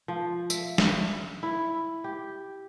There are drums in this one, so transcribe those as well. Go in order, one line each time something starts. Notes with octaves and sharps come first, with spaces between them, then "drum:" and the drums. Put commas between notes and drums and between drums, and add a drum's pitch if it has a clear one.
F3
E5, drum: tambourine
E5, drum: snare
E4
G4